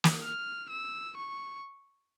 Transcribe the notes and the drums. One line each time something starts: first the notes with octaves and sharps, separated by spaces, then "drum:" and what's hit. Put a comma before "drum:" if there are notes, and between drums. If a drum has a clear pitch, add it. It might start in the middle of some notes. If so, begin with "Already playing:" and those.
drum: snare
F6
E6
C#6